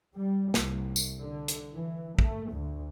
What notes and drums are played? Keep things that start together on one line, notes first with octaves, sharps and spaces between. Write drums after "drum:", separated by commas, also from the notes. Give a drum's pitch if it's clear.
G3
C2, drum: snare
drum: tambourine
D3
drum: hi-hat
E3
A3, drum: kick
D2